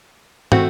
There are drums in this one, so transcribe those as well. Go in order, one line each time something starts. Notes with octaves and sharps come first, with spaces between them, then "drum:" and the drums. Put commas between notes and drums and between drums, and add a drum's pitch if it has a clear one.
A3 C4 F#4, drum: tom